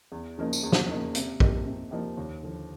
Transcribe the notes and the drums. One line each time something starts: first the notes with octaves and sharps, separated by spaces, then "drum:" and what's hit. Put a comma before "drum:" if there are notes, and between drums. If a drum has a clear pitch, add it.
E2
C#3 F3 A#3 D#4
drum: tambourine
E2
drum: snare
C#3 F3 A#3 D#4
C3, drum: hi-hat
F3 A#3 D#4 G4, drum: kick A#1
C3
F3 A#3 D#4 G4
D#2
D3 F3